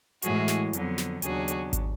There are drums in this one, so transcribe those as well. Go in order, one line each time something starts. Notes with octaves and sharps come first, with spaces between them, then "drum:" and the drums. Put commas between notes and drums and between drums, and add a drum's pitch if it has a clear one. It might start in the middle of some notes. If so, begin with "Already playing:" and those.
A2 E3 G#3 F#4 G#4, drum: hi-hat
drum: snare
F2 D3 F#3 B3, drum: hi-hat
drum: snare
D#2 C#3 F#3 B3 D4 F#4 G#4, drum: hi-hat
drum: hi-hat
drum: kick G#1, hi-hat